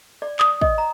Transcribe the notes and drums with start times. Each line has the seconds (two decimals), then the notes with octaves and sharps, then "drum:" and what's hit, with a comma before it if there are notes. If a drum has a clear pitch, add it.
0.22 D5
0.39 D#6, drum: clap
0.61 D#5, drum: kick
0.78 A#5